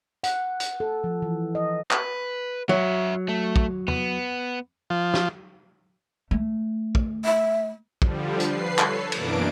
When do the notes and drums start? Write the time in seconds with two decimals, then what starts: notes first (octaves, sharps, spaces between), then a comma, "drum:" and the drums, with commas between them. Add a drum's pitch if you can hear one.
0.24 F#5, drum: hi-hat
0.60 drum: hi-hat
0.80 A4
1.04 F3
1.22 E3
1.55 D#5
1.91 B4, drum: clap
2.69 F#3 F#4 E5
3.29 A3
3.56 drum: kick
3.88 B3, drum: tom E2
4.90 F3
5.14 drum: snare
6.31 A3
6.95 drum: kick
7.25 E5
8.02 D3 F3 G3, drum: kick
8.40 B4 C7, drum: hi-hat
8.79 A4 C#5, drum: clap
9.12 F#2 B2 E3 A#3 D4 D7, drum: cymbal